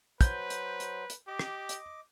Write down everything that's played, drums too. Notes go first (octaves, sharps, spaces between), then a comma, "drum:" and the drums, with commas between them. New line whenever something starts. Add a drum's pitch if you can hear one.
F#3 B4 C5 G6, drum: kick, hi-hat
drum: hi-hat
drum: hi-hat
drum: hi-hat
G4 D#5 D6
drum: rim click
drum: hi-hat